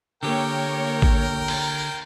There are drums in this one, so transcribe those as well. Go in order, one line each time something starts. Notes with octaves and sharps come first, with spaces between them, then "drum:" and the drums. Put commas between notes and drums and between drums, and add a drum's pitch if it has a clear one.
D3 A#3 G4 A#4 C#5 G5
drum: kick A1
drum: cymbal